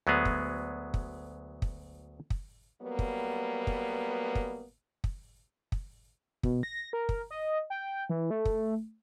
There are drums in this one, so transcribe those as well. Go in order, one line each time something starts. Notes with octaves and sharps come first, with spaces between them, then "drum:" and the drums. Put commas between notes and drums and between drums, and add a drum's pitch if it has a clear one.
D2 F#3 G#3 B3 G#4
drum: kick
drum: kick
drum: kick
drum: kick
F#3 G3 A#3 B3
drum: kick
drum: kick
drum: kick
drum: kick
drum: kick
B2, drum: kick
A#6
A#4
drum: kick
D#5
G5
E3
A3
drum: kick